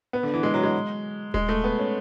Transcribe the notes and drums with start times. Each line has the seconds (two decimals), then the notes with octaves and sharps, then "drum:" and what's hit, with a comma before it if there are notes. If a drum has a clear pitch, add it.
0.13 B3
0.23 D3
0.34 E3
0.43 G#3
0.54 F#3
0.63 G#3
1.34 G#3, drum: kick D#1
1.49 A3
1.64 B3
1.79 C#4